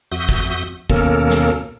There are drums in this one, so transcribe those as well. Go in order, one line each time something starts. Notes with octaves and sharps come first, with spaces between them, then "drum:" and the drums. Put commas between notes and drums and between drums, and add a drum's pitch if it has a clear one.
F2 F#4 E5 D#6 G6
drum: kick
D#2 B2 A#3 C#4 A4 A#4, drum: kick
drum: snare